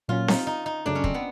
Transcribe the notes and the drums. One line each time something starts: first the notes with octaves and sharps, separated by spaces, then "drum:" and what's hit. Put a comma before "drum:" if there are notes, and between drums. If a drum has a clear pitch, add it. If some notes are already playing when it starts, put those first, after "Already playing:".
A#2 F#3 A#3 C#4 F4
D#4, drum: snare C4
D#4
D#4
F#2 C#3 F#3 A3 D4
C#4
C4, drum: kick
B3